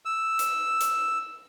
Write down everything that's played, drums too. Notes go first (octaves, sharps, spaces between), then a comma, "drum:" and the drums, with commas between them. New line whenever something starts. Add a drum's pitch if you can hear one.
E6
drum: hi-hat
drum: hi-hat